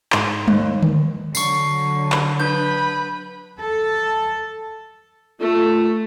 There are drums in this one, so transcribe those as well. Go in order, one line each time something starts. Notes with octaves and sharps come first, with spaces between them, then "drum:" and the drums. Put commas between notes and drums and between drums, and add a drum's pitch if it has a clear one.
G#2 C6, drum: clap
D#2, drum: tom G3
drum: tom D3
D3 F#3 C#6 C7, drum: tambourine
drum: clap
D4 B4 B5 G6
A4
A3 F4